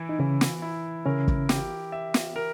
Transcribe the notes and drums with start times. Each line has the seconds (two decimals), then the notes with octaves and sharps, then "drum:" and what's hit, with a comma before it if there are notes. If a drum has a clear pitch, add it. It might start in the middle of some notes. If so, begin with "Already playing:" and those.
Already playing: E3 E4
0.09 D#4
0.19 C#3 E3 C#4
0.41 drum: snare
0.62 E4
1.06 C#3 C#4 A#4
1.28 drum: kick
1.49 G4, drum: snare
1.92 E5
2.14 drum: snare
2.36 A#4